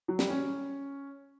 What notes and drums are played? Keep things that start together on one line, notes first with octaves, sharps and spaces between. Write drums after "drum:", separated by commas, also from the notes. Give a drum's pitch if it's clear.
F#3
G3, drum: snare
C#4